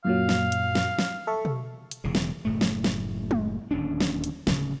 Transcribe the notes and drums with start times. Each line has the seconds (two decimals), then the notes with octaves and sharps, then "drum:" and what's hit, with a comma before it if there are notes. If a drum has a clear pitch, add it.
0.05 F#2 A#2 F#3 F5
0.29 drum: snare
0.52 drum: hi-hat
0.75 drum: snare
0.99 drum: snare
1.27 A4 E5 C#6
1.45 drum: tom B2
1.91 drum: hi-hat
2.04 E1 E2 C#3
2.15 drum: snare
2.45 F#1 A2 A3
2.61 drum: snare
2.84 drum: snare
3.31 drum: tom G#3
3.71 D1 D#2 C#4 D4
4.00 drum: snare
4.24 drum: hi-hat
4.47 D1 C#3, drum: snare